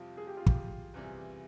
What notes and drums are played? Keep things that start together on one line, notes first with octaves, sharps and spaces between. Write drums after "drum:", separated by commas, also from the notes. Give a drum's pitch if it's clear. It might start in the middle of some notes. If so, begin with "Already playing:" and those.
Already playing: F2 C3 G3 C4 F4
G#4
G4
F4
G4, drum: kick
E2 C3 E3 G3